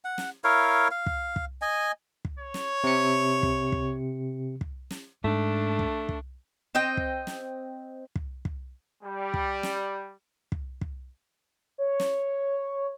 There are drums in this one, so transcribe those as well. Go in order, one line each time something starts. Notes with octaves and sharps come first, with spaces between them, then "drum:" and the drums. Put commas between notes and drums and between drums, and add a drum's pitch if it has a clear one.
F#5
drum: snare
E4 A#4 C#5 F5
F5
drum: kick
drum: kick
D#5 G#5
drum: kick
C#5
drum: snare
C3 C#7
drum: kick
drum: kick
drum: kick
drum: snare
G#2 A3 D4
drum: kick
drum: kick
C4 D#5 G5
drum: kick
drum: snare
drum: kick
drum: kick
G3
drum: kick
drum: snare
drum: kick
drum: kick
C#5
drum: snare